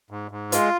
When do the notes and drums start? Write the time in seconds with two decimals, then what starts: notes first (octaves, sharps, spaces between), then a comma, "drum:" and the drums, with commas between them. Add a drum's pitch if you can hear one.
0.11 G#2
0.31 G#2
0.52 G#3 F4, drum: hi-hat